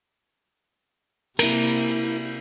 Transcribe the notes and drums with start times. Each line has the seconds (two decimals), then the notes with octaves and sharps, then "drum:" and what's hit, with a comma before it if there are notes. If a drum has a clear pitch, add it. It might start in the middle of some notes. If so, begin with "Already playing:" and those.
1.39 C3 A#3 E4 A#4, drum: cymbal